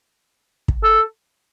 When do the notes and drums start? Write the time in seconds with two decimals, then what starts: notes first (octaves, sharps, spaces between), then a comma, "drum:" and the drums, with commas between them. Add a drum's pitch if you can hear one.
0.68 drum: kick
0.83 A4